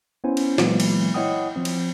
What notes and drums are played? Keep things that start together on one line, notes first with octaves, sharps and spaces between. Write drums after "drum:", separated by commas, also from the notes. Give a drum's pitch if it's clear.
B3 C#4 E4 C5 G#5
drum: cymbal
A#2 E3 F#3 G#3 A#3 B3, drum: snare
drum: cymbal
E4 C#5 D#5 F#5 G5 D#6
F3 C4
drum: cymbal